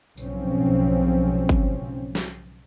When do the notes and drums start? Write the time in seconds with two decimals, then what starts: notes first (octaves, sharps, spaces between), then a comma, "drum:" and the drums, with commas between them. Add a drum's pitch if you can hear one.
0.17 B1 G#2 C#3 F3 C4 C#4, drum: tambourine
1.49 drum: kick G1
2.15 drum: snare